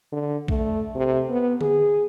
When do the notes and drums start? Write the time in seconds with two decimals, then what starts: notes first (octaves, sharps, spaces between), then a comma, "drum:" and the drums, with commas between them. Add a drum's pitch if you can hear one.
0.12 D3
0.48 A3, drum: kick A#1
0.95 C3
1.30 B3
1.61 G#4, drum: tom D3